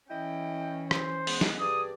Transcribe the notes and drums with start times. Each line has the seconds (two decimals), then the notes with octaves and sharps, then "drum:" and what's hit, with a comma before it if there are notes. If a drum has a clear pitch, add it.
0.10 E3 C#4 E4 D#5 G5
0.91 C5, drum: rim click
1.27 G#3 B3, drum: open hi-hat
1.41 drum: snare
1.60 G2 G#4 D5 D#6